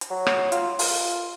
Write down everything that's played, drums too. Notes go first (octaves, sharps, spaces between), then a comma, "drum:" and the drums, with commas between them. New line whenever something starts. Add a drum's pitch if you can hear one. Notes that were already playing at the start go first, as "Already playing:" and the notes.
drum: hi-hat
F#3
drum: rim click
F4, drum: hi-hat
F4, drum: open hi-hat